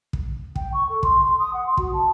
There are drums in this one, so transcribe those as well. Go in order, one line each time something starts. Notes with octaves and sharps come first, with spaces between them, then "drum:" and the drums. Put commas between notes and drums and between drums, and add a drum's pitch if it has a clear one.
drum: kick
G5, drum: kick
C#6
A4
C6, drum: kick
C6
D#6
F#5
C6
F#4, drum: kick
A5